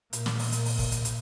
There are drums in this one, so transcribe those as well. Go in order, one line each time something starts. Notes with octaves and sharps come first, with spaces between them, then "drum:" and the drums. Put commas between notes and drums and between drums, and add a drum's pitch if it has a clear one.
A#2, drum: hi-hat
drum: snare
drum: open hi-hat
drum: hi-hat
drum: open hi-hat
drum: kick, open hi-hat
drum: hi-hat
drum: hi-hat